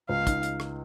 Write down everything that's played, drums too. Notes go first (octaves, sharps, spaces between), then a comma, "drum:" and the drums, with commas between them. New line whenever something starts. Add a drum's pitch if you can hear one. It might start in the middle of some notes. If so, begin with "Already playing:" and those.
C#2 F5
D#4, drum: kick, hi-hat
drum: hi-hat
drum: rim click